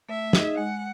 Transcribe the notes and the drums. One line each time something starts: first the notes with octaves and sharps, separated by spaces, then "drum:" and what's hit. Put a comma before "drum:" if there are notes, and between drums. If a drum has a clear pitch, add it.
A3 E5
D#4 G#4 D#5, drum: snare
G#3 F#5